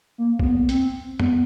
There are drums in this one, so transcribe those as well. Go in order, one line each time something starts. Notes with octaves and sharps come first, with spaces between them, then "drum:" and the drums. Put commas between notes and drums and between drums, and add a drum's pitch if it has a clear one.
A#3
A#3, drum: kick A#1
B3
C4, drum: hi-hat
B3, drum: tom